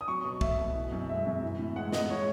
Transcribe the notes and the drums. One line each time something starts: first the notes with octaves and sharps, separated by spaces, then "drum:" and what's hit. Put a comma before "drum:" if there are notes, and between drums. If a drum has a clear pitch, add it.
D#6
F#3 C#6
B2
A3 E5, drum: kick
B2
E3
F#2
G#3 E5
F#2
E3
A2
G#3 F#5
A2 D#5, drum: snare
G#3 C#5